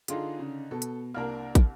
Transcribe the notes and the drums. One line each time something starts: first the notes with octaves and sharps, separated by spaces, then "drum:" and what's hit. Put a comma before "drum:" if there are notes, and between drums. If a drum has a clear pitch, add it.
D3 D4 D#4 F4 G#4, drum: hi-hat
C#3
B2 A4
drum: hi-hat
C2 A#3 D4 A#4 F6
drum: kick, hi-hat